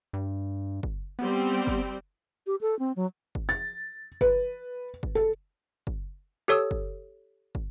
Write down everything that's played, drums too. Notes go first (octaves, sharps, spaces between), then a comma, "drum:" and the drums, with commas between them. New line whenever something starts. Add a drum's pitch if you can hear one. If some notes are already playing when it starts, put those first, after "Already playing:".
G2
drum: kick
G3 B3 C4
drum: kick
G4
A4
C4
F#3
drum: kick
A6
B4, drum: kick
drum: kick
A4
drum: kick
G4 A4 C#5 D#6 E6
drum: kick
drum: kick